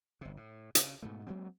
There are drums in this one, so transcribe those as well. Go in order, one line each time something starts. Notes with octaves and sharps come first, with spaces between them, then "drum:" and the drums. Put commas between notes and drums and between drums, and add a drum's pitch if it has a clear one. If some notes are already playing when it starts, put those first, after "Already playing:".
G1 C3
A2
C#3, drum: hi-hat
G#2 B2 A3
F#3 G#3 A#3 C4